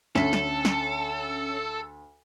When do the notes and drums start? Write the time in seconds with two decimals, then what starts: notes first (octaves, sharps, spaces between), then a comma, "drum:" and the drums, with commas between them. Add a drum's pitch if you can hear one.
0.15 D2 C#4 A4 B6, drum: snare
0.33 drum: snare
0.65 drum: snare